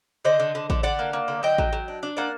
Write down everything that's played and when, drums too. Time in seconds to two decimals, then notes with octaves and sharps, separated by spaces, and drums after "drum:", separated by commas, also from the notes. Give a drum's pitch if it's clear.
0.25 D3 C5 D#5
0.40 D3
0.55 D3
0.70 D3, drum: kick A1
0.83 D3 D5 F#5
0.99 A#3
1.13 A#3
1.28 D3
1.43 F#3 D#5 G5
1.58 F#3, drum: kick A1
1.73 F#3
1.88 D4
2.03 D4
2.17 A#3 D5 F#5